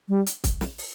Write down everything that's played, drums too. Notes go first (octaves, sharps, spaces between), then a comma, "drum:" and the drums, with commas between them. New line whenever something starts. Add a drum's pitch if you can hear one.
G3
drum: hi-hat
drum: kick, hi-hat
drum: snare
drum: open hi-hat